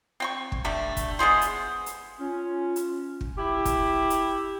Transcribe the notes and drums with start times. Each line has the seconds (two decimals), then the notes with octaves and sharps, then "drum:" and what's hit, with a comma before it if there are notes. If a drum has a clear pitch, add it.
0.20 C4 G5 C#6
0.52 drum: kick
0.64 D3 G3 A3 D4
0.97 drum: kick, hi-hat
1.19 G#3 B3 G#4 C5
1.41 drum: hi-hat
1.86 drum: hi-hat
2.19 C#4 F4
2.76 drum: hi-hat
3.21 drum: kick
3.37 E4 G4
3.65 drum: kick, hi-hat
4.10 drum: hi-hat